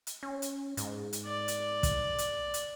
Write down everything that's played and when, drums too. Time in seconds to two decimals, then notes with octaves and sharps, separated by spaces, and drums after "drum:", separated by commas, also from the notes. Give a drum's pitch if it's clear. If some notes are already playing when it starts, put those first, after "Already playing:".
0.07 drum: hi-hat
0.23 C#4
0.42 drum: hi-hat
0.77 G#2, drum: hi-hat
1.13 drum: hi-hat
1.26 D5
1.48 drum: hi-hat
1.83 drum: kick, hi-hat
2.18 drum: hi-hat
2.54 drum: hi-hat